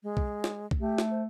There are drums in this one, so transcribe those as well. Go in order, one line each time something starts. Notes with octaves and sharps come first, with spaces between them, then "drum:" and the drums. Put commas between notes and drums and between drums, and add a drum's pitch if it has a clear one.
G#3
drum: kick B1
drum: snare
drum: kick B1
A3 G4
drum: snare
C5